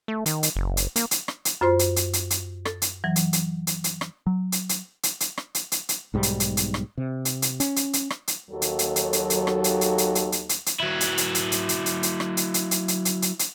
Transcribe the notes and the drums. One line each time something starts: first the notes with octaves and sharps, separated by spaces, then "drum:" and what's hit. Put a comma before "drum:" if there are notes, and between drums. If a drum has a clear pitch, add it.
A3
D#3, drum: hi-hat
drum: hi-hat
F#1
drum: hi-hat
A#3, drum: hi-hat
drum: hi-hat
drum: rim click
drum: hi-hat
F#2 F4 C5 C6
drum: hi-hat
drum: hi-hat
drum: hi-hat
drum: hi-hat
A4, drum: rim click
drum: hi-hat
E3 F#3
drum: hi-hat
drum: hi-hat
drum: hi-hat
drum: hi-hat
drum: rim click
F#3
drum: hi-hat
drum: hi-hat
drum: hi-hat
drum: hi-hat
drum: rim click
drum: hi-hat
drum: hi-hat
drum: hi-hat
B1 G#2 G3
drum: hi-hat
drum: hi-hat
drum: hi-hat
drum: rim click
C3
drum: hi-hat
drum: hi-hat
C#4, drum: hi-hat
drum: hi-hat
drum: hi-hat
drum: rim click
drum: hi-hat
D#2 F#3 A4
drum: hi-hat
drum: hi-hat
drum: hi-hat
drum: hi-hat
drum: hi-hat
drum: rim click
drum: hi-hat
drum: hi-hat
drum: hi-hat
drum: hi-hat
drum: hi-hat
drum: hi-hat
drum: hi-hat
F#3 E4
drum: hi-hat
drum: hi-hat
drum: hi-hat
drum: hi-hat
drum: hi-hat
drum: hi-hat
drum: hi-hat
drum: rim click
drum: hi-hat
drum: hi-hat
drum: hi-hat
drum: hi-hat
drum: hi-hat
drum: hi-hat
drum: hi-hat